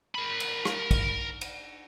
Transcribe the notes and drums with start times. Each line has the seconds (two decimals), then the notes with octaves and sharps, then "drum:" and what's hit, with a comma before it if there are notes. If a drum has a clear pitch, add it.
0.15 A#4 B5
0.40 drum: cymbal
0.65 drum: rim click
0.91 drum: kick, cymbal
1.41 drum: cymbal